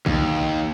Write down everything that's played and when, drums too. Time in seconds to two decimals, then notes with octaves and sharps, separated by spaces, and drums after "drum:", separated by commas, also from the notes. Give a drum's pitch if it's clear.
0.06 D#2, drum: kick A#1